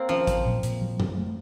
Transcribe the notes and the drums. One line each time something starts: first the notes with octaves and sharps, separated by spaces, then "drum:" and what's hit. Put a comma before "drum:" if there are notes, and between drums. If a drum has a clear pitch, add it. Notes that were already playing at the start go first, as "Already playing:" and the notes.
Already playing: A#3 C4
F3 C#4
F#3, drum: kick A1, hi-hat
A#2
A#2, drum: hi-hat
F#3
F#3, drum: tom F#2
A3